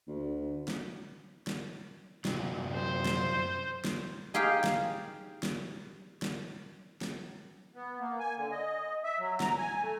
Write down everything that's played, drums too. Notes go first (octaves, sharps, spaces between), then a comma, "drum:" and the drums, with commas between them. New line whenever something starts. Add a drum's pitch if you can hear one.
D2
drum: snare
drum: snare
F#2 C3 F#3, drum: snare
C5
drum: snare
drum: snare
D#4 G4 G#4 F5 G5
drum: snare
drum: snare
drum: snare
drum: snare
B3
A#3
G#5
D3
D#5
E5
F#3
A#5, drum: snare
G#5
A3